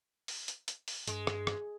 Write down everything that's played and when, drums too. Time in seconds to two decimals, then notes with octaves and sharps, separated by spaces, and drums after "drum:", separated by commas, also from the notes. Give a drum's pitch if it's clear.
0.28 drum: open hi-hat
0.48 drum: hi-hat
0.68 drum: hi-hat
0.88 drum: open hi-hat
1.07 G2 G#3, drum: hi-hat
1.27 drum: rim click
1.47 drum: rim click